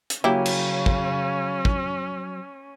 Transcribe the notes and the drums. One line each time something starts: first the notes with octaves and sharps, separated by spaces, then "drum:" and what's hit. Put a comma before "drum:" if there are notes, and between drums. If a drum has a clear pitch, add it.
drum: hi-hat
C#3 F#3 A#3 C#4 E4 G4
drum: cymbal
drum: kick
drum: kick